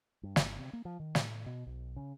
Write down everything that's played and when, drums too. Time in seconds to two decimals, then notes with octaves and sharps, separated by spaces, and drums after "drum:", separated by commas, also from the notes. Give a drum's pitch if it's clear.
0.23 G2
0.36 G1, drum: snare
0.59 C3
0.73 A#3
0.85 F3
1.00 D#3
1.15 A2, drum: snare
1.46 B2
1.66 B1
1.96 C#3